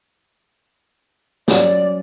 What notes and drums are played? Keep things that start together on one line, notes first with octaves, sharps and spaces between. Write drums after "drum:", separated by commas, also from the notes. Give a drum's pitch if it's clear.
F#3 C#4 D5, drum: snare